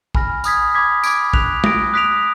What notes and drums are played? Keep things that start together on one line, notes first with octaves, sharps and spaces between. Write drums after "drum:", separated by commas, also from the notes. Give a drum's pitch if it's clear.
G#5 B5 F6 A#6, drum: kick A#1
B5 D#6 G#6 B6, drum: tambourine
B5 D6 G#6 B6
B5 D6 G#6 D7, drum: tambourine
F#6 B6 F7, drum: kick A#1
D#6 A#6 D7, drum: tom
D#6 F#6 B6 D7 F7